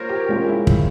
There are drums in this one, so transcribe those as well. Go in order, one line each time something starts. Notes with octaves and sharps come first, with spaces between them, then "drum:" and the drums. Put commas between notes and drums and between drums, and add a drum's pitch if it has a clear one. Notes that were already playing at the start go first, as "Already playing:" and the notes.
Already playing: A#3 F4 A#4 C5 C#5
G4
G#3 C#4 F4 A#4
E4
drum: kick